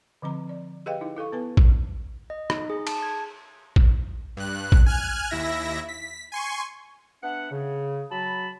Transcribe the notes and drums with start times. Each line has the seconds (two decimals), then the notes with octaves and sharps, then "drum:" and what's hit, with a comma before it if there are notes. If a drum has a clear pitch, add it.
0.22 D3 F3 C4 A#5
0.49 D5
0.86 G4 G#4 B4 D#5 F5 G5
1.01 D#4 E4
1.17 E4 A4 F5 C#6
1.32 B3 B4 G#5
1.57 drum: kick A1
2.30 D#5
2.50 D#4, drum: rim click
2.70 G#4
2.87 A5, drum: cymbal
3.03 G#6
3.76 drum: kick A1
4.37 G2 F#6
4.72 drum: kick A1
4.86 G#5 F6 F#6 G#6
5.31 D#2 E4 E5 A#6
5.88 B6
6.32 G#5 C6 C#6
7.23 B3 D4 E5 F#5
7.51 C#3
8.12 F#3 A5 B5